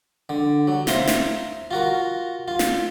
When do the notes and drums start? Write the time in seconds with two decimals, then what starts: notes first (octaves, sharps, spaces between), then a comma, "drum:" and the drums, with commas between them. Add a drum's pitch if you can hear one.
0.29 D3
0.67 F#3
0.87 C5 E5 F5 A#5 C6, drum: snare
1.07 drum: snare
1.71 F4 F#4 A#4
2.48 F4
2.59 drum: snare